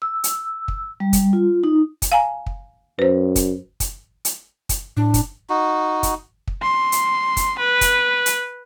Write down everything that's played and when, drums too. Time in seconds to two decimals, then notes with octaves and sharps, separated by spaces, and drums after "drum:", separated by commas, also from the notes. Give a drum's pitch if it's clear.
0.02 E6
0.24 drum: hi-hat
0.68 drum: kick
1.00 G3
1.13 drum: kick, hi-hat
1.33 F4
1.64 D#4
2.02 drum: kick, hi-hat
2.12 F5 G#5 A#5
2.46 drum: kick
2.99 F#2 B4 C5
3.36 drum: kick, hi-hat
3.80 drum: kick, hi-hat
4.25 drum: hi-hat
4.69 drum: kick, hi-hat
4.97 A2 D4
5.14 drum: kick, hi-hat
5.50 D#4 F#4
6.03 drum: kick, hi-hat
6.48 drum: kick
6.63 C6
6.92 drum: hi-hat
7.37 drum: kick, hi-hat
7.59 B4
7.81 drum: kick, hi-hat
8.26 drum: hi-hat